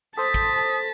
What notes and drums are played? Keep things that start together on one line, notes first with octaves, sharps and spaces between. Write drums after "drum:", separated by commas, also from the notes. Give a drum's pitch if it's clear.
A4 C5 A5 D#6 B6
drum: kick